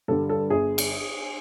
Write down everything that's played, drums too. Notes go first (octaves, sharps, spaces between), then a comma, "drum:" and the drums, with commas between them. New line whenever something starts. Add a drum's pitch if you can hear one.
G2 D3 G3 A4
A4
G1 G#4
drum: cymbal